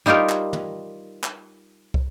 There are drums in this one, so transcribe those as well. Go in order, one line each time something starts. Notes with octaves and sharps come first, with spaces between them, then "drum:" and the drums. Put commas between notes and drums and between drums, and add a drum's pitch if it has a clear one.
G3 D#4 F4 G4 A#4
drum: clap
drum: tom
drum: clap
drum: kick